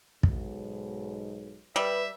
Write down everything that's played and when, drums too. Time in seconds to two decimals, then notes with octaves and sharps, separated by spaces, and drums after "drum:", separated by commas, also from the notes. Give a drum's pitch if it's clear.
0.23 B1 G#2, drum: kick
1.76 G3 B4 E5